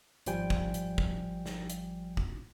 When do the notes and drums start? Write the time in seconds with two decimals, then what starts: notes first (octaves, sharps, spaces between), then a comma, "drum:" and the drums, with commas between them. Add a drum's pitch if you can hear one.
0.26 G#1 F3 G3 G5 G#5, drum: hi-hat
0.50 drum: kick
0.74 drum: hi-hat
0.98 drum: kick
1.46 drum: snare
1.70 drum: hi-hat
2.17 drum: kick